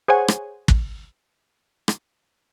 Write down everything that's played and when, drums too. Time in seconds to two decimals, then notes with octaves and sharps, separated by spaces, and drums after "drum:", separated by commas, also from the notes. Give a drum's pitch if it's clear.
0.08 G#4 C5 C#5 F#5 G#5
0.28 drum: rim click
0.68 drum: kick
1.88 drum: rim click